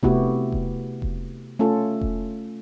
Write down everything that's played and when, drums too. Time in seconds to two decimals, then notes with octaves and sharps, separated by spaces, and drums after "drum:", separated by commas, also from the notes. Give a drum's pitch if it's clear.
0.03 C3 A3 B3 E4 F#4 G4, drum: kick E1
0.52 drum: kick E1
1.02 drum: kick E1
1.59 A3 C#4 F4 A4
2.01 drum: kick E1